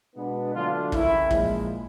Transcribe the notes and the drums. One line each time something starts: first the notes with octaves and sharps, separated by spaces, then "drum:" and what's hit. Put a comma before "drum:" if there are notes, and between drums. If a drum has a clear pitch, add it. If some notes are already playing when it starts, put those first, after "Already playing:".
B2 G#3 B3 D4
D3 F#3 A3 D4 F4
C#3 E3 G3 A#3 C#4 E4, drum: kick
A#2 F3 G#3, drum: kick